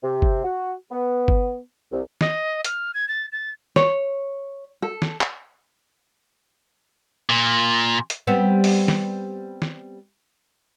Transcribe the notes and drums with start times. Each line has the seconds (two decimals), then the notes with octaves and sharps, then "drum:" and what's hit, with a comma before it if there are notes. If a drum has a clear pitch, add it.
0.02 C3
0.22 drum: kick G1
0.44 F#4
0.91 B3
1.28 drum: kick G1
1.91 C2
2.21 D#5, drum: snare
2.64 F6, drum: hi-hat
2.94 G#6
3.08 A6
3.32 A6
3.76 C#5, drum: snare
4.82 A4
5.02 drum: snare
5.21 drum: clap
7.29 A#2
8.10 drum: hi-hat
8.27 G3 B3 C4
8.64 drum: open hi-hat
8.88 drum: snare
9.62 drum: snare